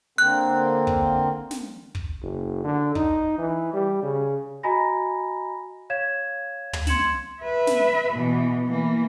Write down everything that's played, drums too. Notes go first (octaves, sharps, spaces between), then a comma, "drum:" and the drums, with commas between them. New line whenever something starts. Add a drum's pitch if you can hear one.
D3 A#3 C4 F#6
drum: kick
drum: snare
drum: kick
F#1
D3
D#4, drum: kick
E3
G3
C#3
F#4 D#5 G#5 A#5 B5 A#6
C#5 F5 G#6 E7
drum: tom
C6 G#6 C#7 E7 F#7, drum: snare
B4 E5
drum: snare
B2 E3
E3 A#3